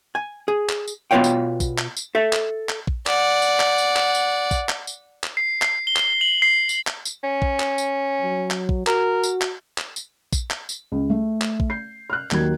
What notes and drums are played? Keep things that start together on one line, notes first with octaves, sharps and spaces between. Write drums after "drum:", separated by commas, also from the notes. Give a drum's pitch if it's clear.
G#5
G#4
drum: clap
drum: tambourine
B2 B3 F4 C#5 F5 G5
drum: tambourine
drum: kick, tambourine
drum: clap
drum: tambourine
A4 E5
drum: clap
drum: clap
drum: kick
D5 F#5, drum: clap
drum: tambourine
drum: clap
drum: tambourine
drum: clap
drum: tambourine
drum: kick, tambourine
drum: clap
drum: tambourine
drum: clap
C7
C7, drum: clap
G7
drum: clap
F#7
C7
drum: tambourine
drum: clap
drum: tambourine
C#4
drum: kick
drum: clap
drum: tambourine
F#3
drum: clap
drum: kick
F#4 A#4, drum: clap
drum: tambourine
drum: clap
drum: clap
drum: tambourine
drum: kick, tambourine
drum: clap
drum: tambourine
C#2
A3
drum: clap
drum: kick
G6 C7
F6 F#6
D#2 D#3 F#3 G#6, drum: clap